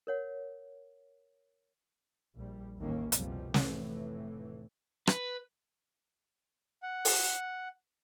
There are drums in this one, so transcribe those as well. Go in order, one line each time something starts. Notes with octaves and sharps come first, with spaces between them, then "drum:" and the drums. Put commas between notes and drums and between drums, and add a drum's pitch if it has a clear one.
A#4 C#5 F#5
A#1 G3
A1 D#2 A#3 C#4
F#1 C2 B2 F3 G3, drum: hi-hat
F1 A2 E3, drum: snare
B4, drum: rim click
F#5
drum: open hi-hat